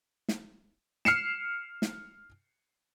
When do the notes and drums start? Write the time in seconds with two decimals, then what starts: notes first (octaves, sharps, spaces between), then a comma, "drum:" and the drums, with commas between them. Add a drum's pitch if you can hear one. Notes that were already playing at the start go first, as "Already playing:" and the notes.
0.28 drum: snare
1.05 F6 C7 C#7 E7, drum: snare
1.82 drum: snare